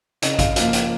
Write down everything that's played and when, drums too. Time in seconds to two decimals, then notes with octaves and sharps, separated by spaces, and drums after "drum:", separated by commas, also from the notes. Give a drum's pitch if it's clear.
0.22 C#3 D#5, drum: hi-hat
0.39 F5, drum: kick A1, hi-hat
0.56 F3 A#3 F5, drum: hi-hat
0.73 drum: hi-hat